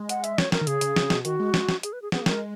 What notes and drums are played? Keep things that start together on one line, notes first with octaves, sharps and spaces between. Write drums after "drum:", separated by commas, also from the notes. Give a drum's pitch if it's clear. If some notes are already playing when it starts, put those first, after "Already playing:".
Already playing: G#3
F#5, drum: hi-hat
E5, drum: hi-hat
C#5, drum: snare
A#4, drum: snare
D#3
C#3 G#4, drum: hi-hat
C#3, drum: hi-hat
C#3, drum: snare
B2, drum: snare
D#3 F#4, drum: hi-hat
G#3
G#3, drum: snare
drum: snare
G#4, drum: hi-hat
B4
G#4
B3 G#4, drum: snare
A#3
G#3 A#4, drum: snare